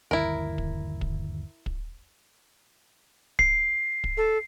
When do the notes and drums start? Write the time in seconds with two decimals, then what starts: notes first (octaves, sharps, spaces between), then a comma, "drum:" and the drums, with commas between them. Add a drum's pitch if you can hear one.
0.11 G1 D#2 E4 A#4
0.58 drum: kick
1.01 drum: kick
1.66 drum: kick
3.39 C7, drum: kick
4.04 drum: kick
4.17 A4